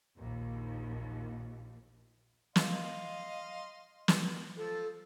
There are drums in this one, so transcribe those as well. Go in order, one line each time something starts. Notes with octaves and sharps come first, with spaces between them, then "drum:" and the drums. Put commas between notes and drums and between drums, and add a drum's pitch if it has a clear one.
A#1 D#2
D#5 F5 C6, drum: snare
drum: snare
F3 A4